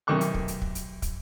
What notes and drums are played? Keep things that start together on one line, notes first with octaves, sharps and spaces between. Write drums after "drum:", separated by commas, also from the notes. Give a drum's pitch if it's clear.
B1 C3 D#3 A3 C#6 F#6
drum: hi-hat
drum: kick
drum: hi-hat
drum: kick
drum: hi-hat
drum: kick, hi-hat